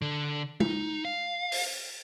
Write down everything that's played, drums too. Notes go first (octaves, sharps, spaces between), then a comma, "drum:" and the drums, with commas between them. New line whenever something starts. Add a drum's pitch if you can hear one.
D3
D#4, drum: tom
F5
drum: open hi-hat